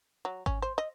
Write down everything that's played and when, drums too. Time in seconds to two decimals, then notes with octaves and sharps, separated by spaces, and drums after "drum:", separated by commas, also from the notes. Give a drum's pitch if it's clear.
0.25 F#3
0.46 C#4, drum: kick G#1
0.62 C5
0.78 D#5